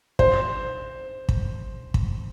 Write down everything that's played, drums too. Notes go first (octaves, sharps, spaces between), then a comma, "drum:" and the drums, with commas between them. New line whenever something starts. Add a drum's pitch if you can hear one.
C5, drum: kick
drum: kick
drum: kick